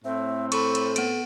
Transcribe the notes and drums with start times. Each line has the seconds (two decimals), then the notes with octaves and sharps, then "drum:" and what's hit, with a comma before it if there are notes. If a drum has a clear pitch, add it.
0.05 A2 C4 E5
0.52 A4 B5 C#6, drum: cymbal
0.75 drum: cymbal
0.96 B3 D7, drum: cymbal